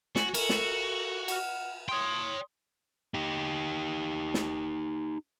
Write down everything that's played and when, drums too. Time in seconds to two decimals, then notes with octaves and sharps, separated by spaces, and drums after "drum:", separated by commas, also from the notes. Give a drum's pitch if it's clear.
0.16 F#4 G#5, drum: snare
0.34 F#4 A4 A#4, drum: cymbal
0.49 drum: snare
1.28 F#5 F6, drum: cymbal
1.89 C#5 G5 C6 D#6
3.14 D#4 G4
4.34 drum: snare